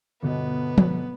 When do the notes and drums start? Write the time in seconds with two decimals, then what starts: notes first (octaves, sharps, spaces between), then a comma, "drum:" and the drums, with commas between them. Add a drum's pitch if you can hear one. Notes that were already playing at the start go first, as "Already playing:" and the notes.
0.22 G1 B2 B3 D#5
0.78 drum: tom F3